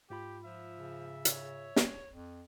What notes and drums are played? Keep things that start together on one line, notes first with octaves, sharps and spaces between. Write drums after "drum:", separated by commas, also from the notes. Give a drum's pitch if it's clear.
G#2 F4 G4 B5
F3 E5
C#3
C#5, drum: hi-hat
drum: snare
F2